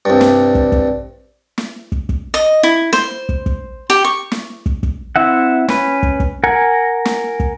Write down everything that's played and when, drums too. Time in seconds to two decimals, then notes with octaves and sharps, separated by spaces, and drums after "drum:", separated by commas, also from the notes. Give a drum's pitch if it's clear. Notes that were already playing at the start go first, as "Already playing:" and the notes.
0.05 C2 G2
0.21 drum: snare
0.55 drum: kick
0.72 drum: kick
1.58 drum: snare
1.92 drum: kick
2.09 drum: kick
2.34 D#5
2.63 E4
2.93 C5, drum: snare
3.29 drum: kick
3.46 drum: kick
3.90 G4
4.04 C#6
4.32 drum: snare
4.66 drum: kick
4.83 drum: kick
5.16 C4 E4 E5 F#5
5.68 C#4 B4, drum: snare
6.03 drum: kick
6.20 drum: kick
6.44 A#4 F#5 G#5
7.05 drum: snare
7.40 drum: kick